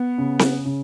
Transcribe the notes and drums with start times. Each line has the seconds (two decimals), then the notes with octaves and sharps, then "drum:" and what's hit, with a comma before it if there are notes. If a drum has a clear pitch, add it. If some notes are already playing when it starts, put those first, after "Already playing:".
Already playing: B3
0.18 C#3
0.39 drum: snare C4
0.65 C#3